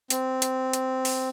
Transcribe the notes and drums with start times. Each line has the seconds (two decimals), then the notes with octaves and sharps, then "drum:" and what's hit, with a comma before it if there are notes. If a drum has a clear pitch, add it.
0.10 C4, drum: hi-hat
0.42 drum: hi-hat
0.73 drum: hi-hat
1.05 drum: open hi-hat